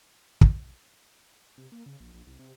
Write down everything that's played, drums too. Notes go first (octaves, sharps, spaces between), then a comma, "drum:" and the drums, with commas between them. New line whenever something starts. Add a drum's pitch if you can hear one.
drum: kick
C3
A#3
C#3
A#1
A#1
C2
C3